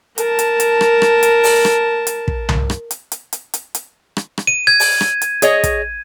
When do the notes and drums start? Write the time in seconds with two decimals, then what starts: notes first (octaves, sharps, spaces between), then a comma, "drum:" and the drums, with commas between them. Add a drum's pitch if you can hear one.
0.18 A#4 A5, drum: hi-hat
0.39 drum: hi-hat
0.60 drum: hi-hat
0.81 drum: rim click
1.02 drum: rim click
1.23 drum: hi-hat
1.44 drum: open hi-hat
1.65 drum: rim click
2.07 drum: hi-hat
2.28 drum: kick
2.49 drum: tom C2
2.70 drum: rim click
2.91 drum: hi-hat
3.12 drum: hi-hat
3.33 drum: hi-hat
3.54 drum: hi-hat
3.75 drum: hi-hat
4.17 drum: rim click
4.38 drum: rim click
4.47 D#7
4.67 G#6
4.80 drum: open hi-hat
5.01 drum: rim click
5.22 drum: hi-hat
5.42 G#4 C#5 D#5, drum: hi-hat
5.64 drum: kick, hi-hat